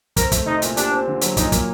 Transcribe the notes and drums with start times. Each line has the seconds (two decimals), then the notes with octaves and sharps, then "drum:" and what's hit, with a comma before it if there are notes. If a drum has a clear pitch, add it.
0.17 C4 A#4, drum: kick, hi-hat
0.32 A3, drum: kick, hi-hat
0.46 C2 D#4
0.62 A#2, drum: hi-hat
0.77 D4 G4, drum: hi-hat
0.91 C4
1.07 D3
1.21 F#3, drum: hi-hat
1.37 A#2 D#4, drum: kick, hi-hat
1.52 A#3, drum: kick, hi-hat